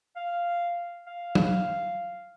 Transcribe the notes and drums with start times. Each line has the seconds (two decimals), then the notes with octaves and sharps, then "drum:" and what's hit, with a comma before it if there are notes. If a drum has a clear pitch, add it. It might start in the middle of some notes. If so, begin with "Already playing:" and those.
0.16 F5
1.07 F5
1.35 drum: tom